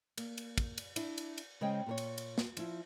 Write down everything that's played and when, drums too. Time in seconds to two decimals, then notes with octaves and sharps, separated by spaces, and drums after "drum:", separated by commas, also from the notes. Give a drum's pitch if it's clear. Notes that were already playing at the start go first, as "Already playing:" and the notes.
0.18 A#3, drum: cymbal
0.38 drum: cymbal
0.58 drum: kick, cymbal
0.78 drum: cymbal
0.96 D4 E4, drum: cymbal
1.18 drum: cymbal
1.38 drum: cymbal
1.61 C#3 G#3 C5 D#5 G5
1.86 A#2 A#4 C#5
1.98 drum: cymbal
2.18 drum: cymbal
2.38 drum: snare
2.57 F3 E4, drum: cymbal